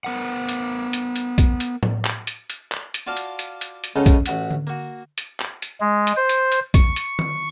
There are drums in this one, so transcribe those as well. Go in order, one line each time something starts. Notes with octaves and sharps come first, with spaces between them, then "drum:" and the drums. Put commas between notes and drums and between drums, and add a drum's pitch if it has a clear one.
B3 A#4 F#5
drum: hi-hat
drum: hi-hat
drum: hi-hat
drum: kick A#1, hi-hat
drum: hi-hat
drum: tom A2
drum: clap
drum: hi-hat
drum: hi-hat
drum: clap
drum: hi-hat
F4 F#4 D5 F5 A5
drum: hi-hat
drum: hi-hat
drum: hi-hat
drum: hi-hat
C#2 C#3 D#4 F4 A4 F#5
drum: kick A#1, hi-hat
A1 F#4 F#5 B5, drum: hi-hat
drum: tom D3
A#3 F#4
drum: hi-hat
drum: clap
drum: hi-hat
G#3
drum: hi-hat
C5
drum: hi-hat
drum: hi-hat
C#6, drum: kick A#1, hi-hat
drum: hi-hat
drum: tom